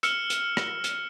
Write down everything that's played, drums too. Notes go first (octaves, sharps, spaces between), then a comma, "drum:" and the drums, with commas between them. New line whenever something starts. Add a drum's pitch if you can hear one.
E6 F6 C#7 E7, drum: hi-hat
drum: hi-hat
drum: rim click
drum: hi-hat